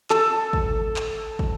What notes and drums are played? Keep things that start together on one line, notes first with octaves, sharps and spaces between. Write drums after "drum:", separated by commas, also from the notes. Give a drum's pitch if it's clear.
A4, drum: clap
drum: kick
drum: clap
drum: kick